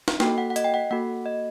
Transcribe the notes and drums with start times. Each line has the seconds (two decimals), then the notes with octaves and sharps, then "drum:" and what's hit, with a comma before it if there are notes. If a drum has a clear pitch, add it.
0.08 drum: snare
0.20 A#3 F#4 A4 G5, drum: snare
0.38 F#5
0.50 F#5
0.56 D#5, drum: hi-hat
0.64 G5
0.74 F#5
0.91 A#3 F#4 A4 F#5
1.26 D#5